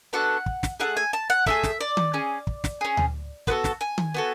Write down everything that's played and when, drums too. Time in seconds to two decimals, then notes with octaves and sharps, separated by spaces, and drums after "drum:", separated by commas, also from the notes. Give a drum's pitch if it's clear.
0.13 B3 D4 F#4 A4 F#5
0.46 drum: kick
0.63 drum: snare
0.80 A3 E4 G#4 F#5
0.97 G#5
1.13 A5
1.30 F#5
1.46 A3 E4 G#4 E5, drum: kick
1.63 drum: snare
1.81 D5
1.97 drum: tom D#3
2.14 C#4 G#4
2.47 drum: kick
2.64 drum: snare
2.81 C#4 G#4
2.97 drum: tom D2
3.47 B3 F#4 A4 B4, drum: kick
3.64 drum: snare
3.81 G#5
3.98 drum: tom D#3
4.14 B3 F#4 A4